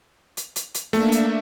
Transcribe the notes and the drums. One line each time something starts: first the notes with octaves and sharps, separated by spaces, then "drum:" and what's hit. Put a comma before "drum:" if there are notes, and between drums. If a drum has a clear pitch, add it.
drum: hi-hat
drum: hi-hat
drum: hi-hat
A3 A#3 D4 E5, drum: snare
drum: hi-hat